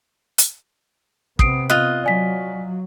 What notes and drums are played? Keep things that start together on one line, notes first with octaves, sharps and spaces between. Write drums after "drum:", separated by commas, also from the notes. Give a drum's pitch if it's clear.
drum: hi-hat
C3 B3 D#6 C7 D7, drum: kick
F4 D#5 D#6 F#6
F#3 D5 G#5 B6